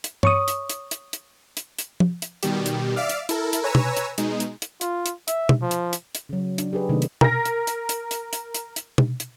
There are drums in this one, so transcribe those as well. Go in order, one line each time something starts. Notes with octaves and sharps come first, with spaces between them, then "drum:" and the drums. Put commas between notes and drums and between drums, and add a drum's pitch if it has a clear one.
drum: hi-hat
C#5 C#6 D#6, drum: tom G2
drum: hi-hat
drum: hi-hat
drum: hi-hat
drum: hi-hat
drum: hi-hat
drum: hi-hat
drum: tom
drum: hi-hat
B2 D#3 G3 G4, drum: hi-hat
drum: hi-hat
D5 E5 F5 D6 F6
drum: hi-hat
E4 A4 A#4, drum: hi-hat
drum: hi-hat
B4 C#5 G#5 A#5 E6
drum: tom
drum: hi-hat
B2 G#3 D#4, drum: hi-hat
drum: hi-hat
drum: hi-hat
F4, drum: hi-hat
drum: hi-hat
E5, drum: hi-hat
drum: tom
F3
drum: hi-hat
drum: hi-hat
drum: hi-hat
C#3 F#3
D4, drum: hi-hat
G4 G#4 B4
C3 D#3 A3 A#3 D4
drum: hi-hat
A#4 A#6, drum: tom
drum: hi-hat
drum: hi-hat
drum: hi-hat
drum: hi-hat
drum: hi-hat
drum: hi-hat
drum: hi-hat
drum: tom
drum: hi-hat